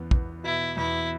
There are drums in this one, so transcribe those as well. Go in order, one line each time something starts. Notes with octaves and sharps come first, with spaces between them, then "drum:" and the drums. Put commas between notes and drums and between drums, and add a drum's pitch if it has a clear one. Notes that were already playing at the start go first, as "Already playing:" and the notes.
Already playing: E2 B3
E2, drum: kick
B2 E4
E2 E4